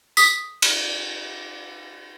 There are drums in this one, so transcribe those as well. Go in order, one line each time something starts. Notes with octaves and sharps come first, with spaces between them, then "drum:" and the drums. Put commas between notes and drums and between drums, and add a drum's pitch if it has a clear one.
D#6 B6, drum: tambourine
drum: cymbal